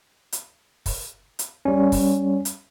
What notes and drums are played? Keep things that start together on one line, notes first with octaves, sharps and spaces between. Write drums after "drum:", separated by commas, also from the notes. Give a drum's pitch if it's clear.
drum: hi-hat
drum: kick, open hi-hat
drum: hi-hat
G3 C#4
drum: kick, open hi-hat
drum: hi-hat